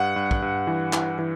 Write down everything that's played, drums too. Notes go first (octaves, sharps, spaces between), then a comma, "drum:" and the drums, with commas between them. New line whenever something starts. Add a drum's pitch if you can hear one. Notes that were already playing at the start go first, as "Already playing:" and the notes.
Already playing: G2 F#5
G2
drum: kick
G2
E3
E3, drum: clap
E3